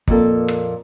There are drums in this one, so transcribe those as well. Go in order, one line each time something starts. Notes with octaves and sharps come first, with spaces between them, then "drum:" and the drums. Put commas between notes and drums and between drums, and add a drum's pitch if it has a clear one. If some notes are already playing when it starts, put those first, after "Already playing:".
F2 A#2 A#3 A4, drum: kick
drum: rim click